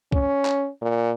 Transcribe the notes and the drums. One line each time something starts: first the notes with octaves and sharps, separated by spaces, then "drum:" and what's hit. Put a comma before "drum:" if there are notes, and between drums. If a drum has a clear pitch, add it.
C#4, drum: kick C2
drum: clap
A#2